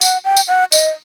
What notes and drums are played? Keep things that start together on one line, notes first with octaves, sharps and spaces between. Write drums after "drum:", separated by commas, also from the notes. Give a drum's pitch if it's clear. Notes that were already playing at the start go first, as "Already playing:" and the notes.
F#5, drum: tambourine
G5
drum: tambourine
F#5
D#5, drum: tambourine